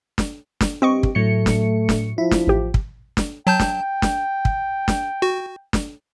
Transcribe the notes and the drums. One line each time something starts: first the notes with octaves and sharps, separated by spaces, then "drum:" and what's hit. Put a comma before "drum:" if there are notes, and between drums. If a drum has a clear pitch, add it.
drum: snare
drum: snare
G2 C4 G4 D#5 C#6
drum: kick
A2 F#3 A3 C#7
drum: snare
drum: snare
F3 E4
drum: snare
A1 G4
drum: kick
drum: snare
F#3 G5 A5 G6
drum: snare
drum: snare
drum: kick
drum: snare
F#4
drum: snare